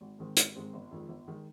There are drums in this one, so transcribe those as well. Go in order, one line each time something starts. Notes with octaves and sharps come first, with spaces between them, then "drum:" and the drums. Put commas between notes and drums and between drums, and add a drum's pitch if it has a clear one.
G#1
G#2 D#3 G#3 C4
G#1, drum: hi-hat
G#2 D#3 G#3 C4
G1
F2 D#3 G#3
G1
D#3 G#3